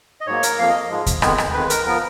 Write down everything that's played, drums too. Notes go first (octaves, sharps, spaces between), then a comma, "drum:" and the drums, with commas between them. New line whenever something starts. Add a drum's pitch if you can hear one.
D#5
G#2 F#3 A#3 C#5
A#4, drum: hi-hat
F2 F3 A#3 F5
D#5
G#2 F3 G#3
drum: kick D#2, hi-hat
F2 D#3 G#3 B3, drum: rim click
drum: rim click
F2 D#3 G#3 B4
A#4, drum: hi-hat
F3 B3 A#4